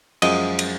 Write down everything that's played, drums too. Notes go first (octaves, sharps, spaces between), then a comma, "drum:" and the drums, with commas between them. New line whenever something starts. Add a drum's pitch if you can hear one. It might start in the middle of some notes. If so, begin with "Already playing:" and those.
F#2 F3 G#3 D#5, drum: cymbal
drum: cymbal